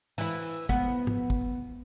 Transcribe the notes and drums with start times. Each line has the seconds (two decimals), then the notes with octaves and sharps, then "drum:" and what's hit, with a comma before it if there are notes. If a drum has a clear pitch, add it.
0.18 E3 E4, drum: cymbal
0.69 B3, drum: kick
1.07 drum: tom G#2
1.30 drum: kick